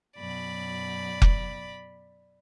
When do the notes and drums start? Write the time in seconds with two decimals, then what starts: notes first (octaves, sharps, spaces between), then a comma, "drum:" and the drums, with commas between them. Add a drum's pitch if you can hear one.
0.17 F#2 B2 D5 B5
1.22 drum: kick F1